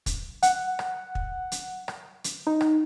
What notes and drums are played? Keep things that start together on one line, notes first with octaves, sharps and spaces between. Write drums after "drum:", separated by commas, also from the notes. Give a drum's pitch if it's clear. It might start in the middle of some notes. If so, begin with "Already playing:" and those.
drum: kick, hi-hat
F#5, drum: hi-hat
drum: rim click
drum: kick
drum: hi-hat
drum: rim click
drum: hi-hat
D#4
drum: rim click